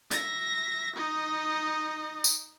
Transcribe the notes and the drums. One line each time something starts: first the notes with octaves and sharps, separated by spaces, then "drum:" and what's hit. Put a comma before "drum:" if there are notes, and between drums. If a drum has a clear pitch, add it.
E5 A#6, drum: hi-hat
D#4 D#5
drum: tambourine